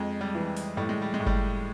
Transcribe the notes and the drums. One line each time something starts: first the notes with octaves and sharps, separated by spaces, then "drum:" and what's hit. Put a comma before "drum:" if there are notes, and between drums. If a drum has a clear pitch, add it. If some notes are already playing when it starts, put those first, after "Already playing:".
Already playing: F2 G#3
G3
E3
drum: open hi-hat
A2 G3
G#3
G3
G#3
A2
G3, drum: kick G1